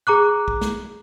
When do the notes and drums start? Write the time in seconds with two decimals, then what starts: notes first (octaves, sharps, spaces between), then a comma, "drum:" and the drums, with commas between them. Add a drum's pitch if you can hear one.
0.07 G#4 A#5 D6 F#6
0.48 drum: kick B1
0.61 drum: snare